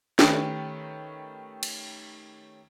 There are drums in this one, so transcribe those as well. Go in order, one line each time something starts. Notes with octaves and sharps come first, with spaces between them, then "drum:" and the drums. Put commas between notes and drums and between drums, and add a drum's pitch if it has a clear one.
D#3 A3 C#4 G4 B4, drum: snare
drum: cymbal